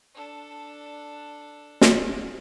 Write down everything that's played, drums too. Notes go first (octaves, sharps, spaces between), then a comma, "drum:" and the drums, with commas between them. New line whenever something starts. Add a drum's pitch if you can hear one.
D4 A4
drum: snare